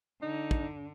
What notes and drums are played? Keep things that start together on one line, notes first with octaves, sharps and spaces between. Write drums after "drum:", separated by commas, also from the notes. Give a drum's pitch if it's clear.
D3 D#4
drum: kick